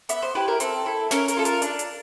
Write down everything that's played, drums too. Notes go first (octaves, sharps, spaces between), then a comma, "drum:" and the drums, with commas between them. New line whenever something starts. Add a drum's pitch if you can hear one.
B3 E5, drum: hi-hat
C5
E4 G4 B4
A#4
C4 A4, drum: hi-hat
E4 A4
C#4 A#4, drum: snare
A#4, drum: hi-hat
F4 A4
A#4, drum: hi-hat
D4, drum: hi-hat
drum: hi-hat